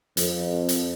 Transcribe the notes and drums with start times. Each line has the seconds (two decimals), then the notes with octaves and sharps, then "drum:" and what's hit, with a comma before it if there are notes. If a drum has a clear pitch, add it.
0.17 F2, drum: hi-hat
0.69 drum: hi-hat